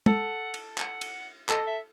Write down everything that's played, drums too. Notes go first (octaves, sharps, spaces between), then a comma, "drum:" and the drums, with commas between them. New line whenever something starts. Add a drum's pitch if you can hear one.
A4 F#5, drum: tom
drum: cymbal
F#5, drum: clap
drum: cymbal
A4 D#5, drum: clap
E5